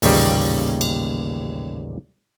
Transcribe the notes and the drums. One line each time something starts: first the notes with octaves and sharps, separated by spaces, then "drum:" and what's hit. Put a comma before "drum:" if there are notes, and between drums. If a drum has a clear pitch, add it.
A1 D#2 A#2 C#3 G3, drum: open hi-hat
drum: cymbal